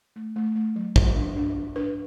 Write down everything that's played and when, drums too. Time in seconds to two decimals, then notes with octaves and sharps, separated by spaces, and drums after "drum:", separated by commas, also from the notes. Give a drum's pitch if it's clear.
0.16 A3
0.36 A3
0.55 A3
0.76 F#3
0.96 F#3, drum: kick A1
1.16 D4
1.36 D4
1.56 D4
1.76 D4 B4